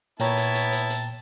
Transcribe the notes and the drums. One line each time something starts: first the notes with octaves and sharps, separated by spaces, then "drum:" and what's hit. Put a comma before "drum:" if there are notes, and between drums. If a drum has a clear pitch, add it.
A#2 B3 E4 C#5 G5 A5 A#5, drum: hi-hat
drum: hi-hat
drum: hi-hat
drum: hi-hat
drum: hi-hat